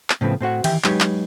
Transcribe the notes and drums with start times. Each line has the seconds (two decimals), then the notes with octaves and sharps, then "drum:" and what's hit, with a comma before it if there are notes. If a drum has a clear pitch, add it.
0.10 drum: clap
0.21 A2 C#3 F3 B3 C4
0.41 A2 C4 F#4 F#5
0.64 D#3 E3 G4 E5 G5, drum: cymbal
0.84 F#3 G#3 D#4 G4 B4 C#5, drum: clap
1.00 drum: clap